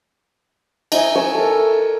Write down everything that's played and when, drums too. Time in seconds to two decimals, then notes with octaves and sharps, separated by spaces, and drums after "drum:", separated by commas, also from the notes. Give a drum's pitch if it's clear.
0.92 D#4 E4 C#5 G#5, drum: cymbal
1.16 C#5 D#6 E6
1.35 A4 A#4